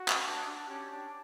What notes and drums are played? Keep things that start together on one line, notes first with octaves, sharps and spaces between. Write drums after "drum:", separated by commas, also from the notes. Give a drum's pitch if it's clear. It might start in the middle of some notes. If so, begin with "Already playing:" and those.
Already playing: F#4
C#4, drum: clap
D4
D4
C#4 G4
D4